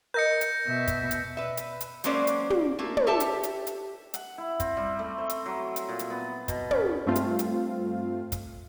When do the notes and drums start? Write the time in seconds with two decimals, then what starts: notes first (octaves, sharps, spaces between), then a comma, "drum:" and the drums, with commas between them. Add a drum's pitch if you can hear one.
0.14 A#4 D#5 G6 A#6 C#7
0.41 drum: hi-hat
0.67 B2 E5
0.88 drum: kick, hi-hat
1.11 drum: hi-hat
1.37 B4 E5
1.57 drum: hi-hat
1.81 drum: hi-hat
2.04 F#3 G#3 A#3 C#4 C5 D5, drum: hi-hat
2.27 drum: hi-hat
2.50 drum: tom
2.79 A3 A#3
2.97 drum: tom
3.07 G4 A4 E5 A5
3.20 drum: hi-hat
3.43 drum: hi-hat
3.67 drum: hi-hat
4.14 F#5, drum: hi-hat
4.38 E4
4.60 C4, drum: kick, hi-hat
4.77 G3
4.99 A3
5.18 C5
5.29 drum: hi-hat
5.46 F#3
5.76 drum: hi-hat
5.89 A#2
5.99 drum: hi-hat
6.10 B3
6.48 B2, drum: kick, hi-hat
6.71 C#4, drum: tom
7.06 G2 A3 C4 F4 F5
7.16 drum: hi-hat
7.39 drum: hi-hat
8.32 drum: kick, hi-hat